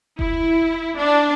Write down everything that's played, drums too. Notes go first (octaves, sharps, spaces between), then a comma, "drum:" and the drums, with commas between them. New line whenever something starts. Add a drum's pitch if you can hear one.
E4, drum: kick F1
D4